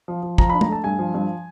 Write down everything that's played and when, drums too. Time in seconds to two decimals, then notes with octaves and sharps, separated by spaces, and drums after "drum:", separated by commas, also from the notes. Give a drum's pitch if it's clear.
0.08 F3
0.23 F3
0.38 F3 A#5, drum: kick
0.50 D4 B5
0.61 A#5, drum: tom
0.69 A3 A5
0.84 G2 G#5
0.99 F3
1.14 G2